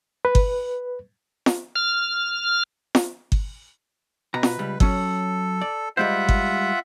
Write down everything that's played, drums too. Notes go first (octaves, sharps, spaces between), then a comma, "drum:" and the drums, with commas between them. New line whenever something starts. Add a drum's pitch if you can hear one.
B4
drum: kick G1
drum: snare
F6
drum: snare
drum: kick G1
B2 B4 A#5
drum: snare
C#2 G3
F#3 C#4 A4, drum: kick G1
D5
G3 G#3 F4 C5 E5 F#5
drum: kick G1